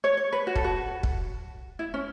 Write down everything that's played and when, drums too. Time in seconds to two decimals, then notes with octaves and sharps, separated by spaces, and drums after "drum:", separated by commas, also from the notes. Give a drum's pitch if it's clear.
0.04 C#5
0.17 C#5
0.32 B4
0.47 F#4
0.56 A4, drum: kick
0.64 F#4
1.03 drum: kick
1.79 E4
1.94 C#4